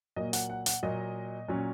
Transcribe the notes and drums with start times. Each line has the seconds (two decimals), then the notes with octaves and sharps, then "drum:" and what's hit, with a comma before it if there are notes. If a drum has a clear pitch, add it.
0.16 A#2 F#3 A#3 D#5
0.33 F#5, drum: hi-hat
0.49 F#5
0.66 F#5, drum: hi-hat
0.83 A#2 F#3 A#3 D#5
1.48 A#2 F#3 C#4